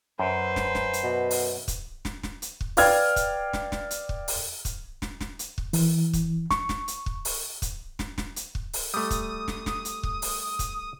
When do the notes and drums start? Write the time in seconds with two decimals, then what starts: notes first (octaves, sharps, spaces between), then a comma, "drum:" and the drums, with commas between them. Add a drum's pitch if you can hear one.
0.19 F#2 B4 C5
0.56 drum: snare
0.75 drum: snare
0.93 drum: hi-hat
1.03 B2
1.31 drum: open hi-hat
1.68 drum: kick, hi-hat
2.05 drum: snare
2.23 drum: snare
2.42 drum: hi-hat
2.61 drum: kick
2.77 B4 D5 F5 G5 F6 G#6, drum: open hi-hat
3.16 drum: kick, hi-hat
3.53 drum: snare
3.72 drum: snare
3.91 drum: hi-hat
4.09 drum: kick
4.28 drum: open hi-hat
4.65 drum: kick, hi-hat
5.02 drum: snare
5.21 drum: snare
5.39 drum: hi-hat
5.58 drum: kick
5.73 E3, drum: open hi-hat
6.13 drum: kick, hi-hat
6.51 C#6, drum: snare
6.69 drum: snare
6.88 drum: hi-hat
7.06 drum: kick
7.25 drum: open hi-hat
7.62 drum: kick, hi-hat
7.99 drum: snare
8.18 drum: snare
8.36 drum: hi-hat
8.55 drum: kick
8.73 drum: open hi-hat
8.94 G3 A3 D#6
9.11 drum: kick, hi-hat
9.48 drum: snare
9.66 drum: snare
9.85 drum: hi-hat
10.03 drum: kick
10.22 drum: open hi-hat
10.59 drum: kick, hi-hat